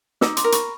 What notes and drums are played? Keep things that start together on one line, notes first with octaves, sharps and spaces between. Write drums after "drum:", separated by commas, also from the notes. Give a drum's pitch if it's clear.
D#4 D6 E6, drum: snare
C6 D6, drum: hi-hat
A#4
B5 C#6, drum: hi-hat